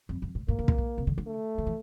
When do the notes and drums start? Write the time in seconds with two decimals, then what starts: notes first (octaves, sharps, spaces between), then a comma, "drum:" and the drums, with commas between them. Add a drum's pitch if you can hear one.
0.09 F2
0.22 F2
0.35 A2
0.48 A2 A#3
0.59 D3
0.68 A#2, drum: kick
0.78 A2
0.98 C3
1.07 D3
1.18 D3
1.27 A3
1.58 D3
1.67 E3